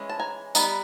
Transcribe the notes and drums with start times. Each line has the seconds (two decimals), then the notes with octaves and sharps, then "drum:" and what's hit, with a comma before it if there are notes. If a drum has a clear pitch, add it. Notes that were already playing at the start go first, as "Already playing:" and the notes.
Already playing: E3 G#3 C#4
0.09 A5
0.20 G#5 A#5
0.55 G3 B3 D#4, drum: tambourine